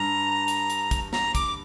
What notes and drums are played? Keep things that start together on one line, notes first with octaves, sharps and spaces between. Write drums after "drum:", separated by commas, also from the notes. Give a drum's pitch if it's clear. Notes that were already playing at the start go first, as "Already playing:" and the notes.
Already playing: G2 D4 A#5
drum: hi-hat
drum: hi-hat
drum: kick, hi-hat
A#5, drum: snare
D6, drum: kick, hi-hat